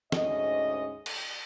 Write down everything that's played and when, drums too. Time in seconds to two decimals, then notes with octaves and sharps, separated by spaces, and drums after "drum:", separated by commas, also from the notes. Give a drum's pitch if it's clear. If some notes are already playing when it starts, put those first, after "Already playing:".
0.12 D2 G#2 C#4 D#5, drum: snare
1.06 drum: cymbal